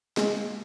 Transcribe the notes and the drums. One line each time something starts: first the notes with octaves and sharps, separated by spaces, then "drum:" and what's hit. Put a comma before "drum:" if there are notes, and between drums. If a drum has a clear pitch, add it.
G#3, drum: snare